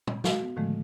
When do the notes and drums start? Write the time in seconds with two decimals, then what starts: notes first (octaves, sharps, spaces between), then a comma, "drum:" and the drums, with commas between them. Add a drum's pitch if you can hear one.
0.07 drum: tom A#2
0.24 F#4 F5, drum: snare
0.42 B3
0.56 A2 D3 D#3 F3 G#3 A3